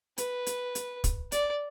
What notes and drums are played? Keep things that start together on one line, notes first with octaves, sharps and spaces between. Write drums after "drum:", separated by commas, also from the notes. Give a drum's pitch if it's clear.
B4, drum: hi-hat
drum: hi-hat
drum: hi-hat
drum: kick, hi-hat
D5, drum: hi-hat